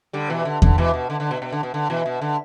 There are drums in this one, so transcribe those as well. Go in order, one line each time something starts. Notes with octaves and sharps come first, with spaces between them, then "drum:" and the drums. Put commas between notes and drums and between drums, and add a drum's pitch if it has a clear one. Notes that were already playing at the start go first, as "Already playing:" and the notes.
D3 G3
B2 E3
D3
D3, drum: kick E2
B2 E3
B2
D3
D3
B2
B2
D3
B2
D3
B2 E3
B2
D3